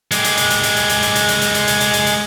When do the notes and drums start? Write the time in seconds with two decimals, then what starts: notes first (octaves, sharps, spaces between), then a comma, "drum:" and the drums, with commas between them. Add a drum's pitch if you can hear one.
0.11 G#3 G4, drum: hi-hat
0.24 drum: hi-hat
0.37 drum: hi-hat
0.50 drum: hi-hat
0.63 drum: hi-hat
0.76 drum: hi-hat
0.89 drum: hi-hat
1.03 drum: hi-hat
1.16 drum: hi-hat
1.29 drum: hi-hat
1.42 drum: hi-hat
1.55 drum: hi-hat
1.68 drum: hi-hat
1.81 drum: hi-hat
1.94 drum: hi-hat
2.07 drum: hi-hat